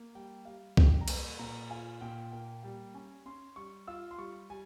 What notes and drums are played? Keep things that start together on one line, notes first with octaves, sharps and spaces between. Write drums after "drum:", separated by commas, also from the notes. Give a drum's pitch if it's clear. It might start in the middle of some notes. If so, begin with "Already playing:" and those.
Already playing: A#3
G3 G5
G3 F5
G3 G5, drum: kick C2
A#5
A#3 G#5, drum: cymbal
A#2 A#5
F4 G#5
A#2 G5
A#3 G5
G3 G5
C#4 G#5
C#4 C6
G3 C#6
F4 E6
C6
G3 C#6
G3 G#5